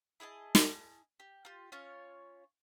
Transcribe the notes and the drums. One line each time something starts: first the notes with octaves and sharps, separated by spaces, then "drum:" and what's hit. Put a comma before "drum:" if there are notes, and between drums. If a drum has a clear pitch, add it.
E4 G#4 D#5 A5
drum: snare
G4
F4 G4
C#4 F4 C#5